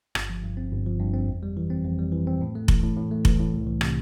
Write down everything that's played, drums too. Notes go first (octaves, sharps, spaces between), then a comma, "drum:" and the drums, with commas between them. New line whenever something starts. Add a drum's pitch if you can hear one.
G1, drum: rim click
F3
G2
C4
G1
F3
G2
C4
F2
G3
E3
C4
F2
G3
E3
C4
A2
A3
E3, drum: kick F1
A2
A2
A3
E3, drum: kick F1
A2
C2
E3
C3, drum: rim click